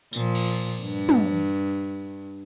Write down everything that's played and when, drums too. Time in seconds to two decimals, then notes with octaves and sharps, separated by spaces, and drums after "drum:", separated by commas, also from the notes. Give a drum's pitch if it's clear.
0.13 A#2 F3, drum: tambourine
0.35 drum: cymbal
0.83 G2
1.09 drum: tom